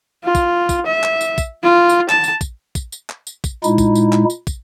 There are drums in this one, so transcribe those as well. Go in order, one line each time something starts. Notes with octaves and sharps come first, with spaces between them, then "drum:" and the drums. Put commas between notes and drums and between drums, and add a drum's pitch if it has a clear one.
F4
drum: kick, tambourine
drum: kick, tambourine
E5
drum: clap
drum: tambourine
drum: kick, tambourine
F4
drum: tambourine
A5, drum: clap
drum: tambourine
drum: kick, tambourine
drum: kick, tambourine
drum: tambourine
drum: clap
drum: tambourine
drum: kick, tambourine
A#2 G#3 D#4 E4, drum: tambourine
drum: kick, tambourine
drum: tambourine
drum: clap
drum: tambourine
drum: kick, tambourine